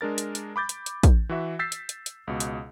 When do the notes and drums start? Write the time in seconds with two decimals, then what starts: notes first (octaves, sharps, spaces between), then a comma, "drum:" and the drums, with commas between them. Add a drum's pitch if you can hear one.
0.01 G#3 D4 A#4 A6
0.18 drum: hi-hat
0.35 drum: hi-hat
0.56 B5 D6 G6 A6
0.69 drum: hi-hat
0.86 drum: hi-hat
1.03 drum: kick, hi-hat
1.29 E3 F#4 E5
1.59 E6 G6 A6 B6 C7
1.72 drum: hi-hat
1.89 drum: hi-hat
2.06 drum: hi-hat
2.27 C#2 B2
2.40 drum: hi-hat